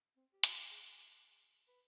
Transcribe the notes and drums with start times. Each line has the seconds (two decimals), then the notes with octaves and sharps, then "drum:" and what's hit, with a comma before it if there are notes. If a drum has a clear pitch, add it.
0.17 C4
0.33 G4
0.44 F#4, drum: hi-hat
0.71 G#4
1.68 B4